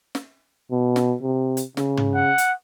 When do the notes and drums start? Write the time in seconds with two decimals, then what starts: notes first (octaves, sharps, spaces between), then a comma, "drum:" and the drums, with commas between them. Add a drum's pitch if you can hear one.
0.15 drum: snare
0.71 B2
0.96 drum: snare
1.22 C3
1.57 drum: hi-hat
1.77 C#3, drum: snare
1.97 drum: tom
2.15 F#5
2.38 drum: hi-hat